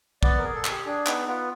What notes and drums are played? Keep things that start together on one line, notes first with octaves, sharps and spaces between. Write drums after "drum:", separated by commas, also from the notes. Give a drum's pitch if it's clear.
B3 D5, drum: kick
A#4
G#4
A4
G#4, drum: clap
G4
D4 G#4
B3 D#4, drum: clap
B3 F4